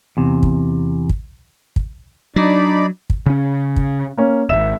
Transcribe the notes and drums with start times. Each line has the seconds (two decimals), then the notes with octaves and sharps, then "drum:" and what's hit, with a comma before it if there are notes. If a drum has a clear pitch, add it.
0.17 E2 C3
0.43 drum: kick
1.09 drum: kick
1.76 drum: kick
2.36 F#3 D4 D#4 D5 B5
3.10 drum: kick
3.26 C#3 C#4
3.76 drum: kick
4.17 A#3 C#4
4.49 D#1 G#1 E5 E6 E7